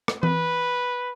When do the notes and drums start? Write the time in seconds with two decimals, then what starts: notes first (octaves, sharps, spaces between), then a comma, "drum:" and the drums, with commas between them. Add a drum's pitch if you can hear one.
0.08 drum: rim click
0.23 B4, drum: tom E3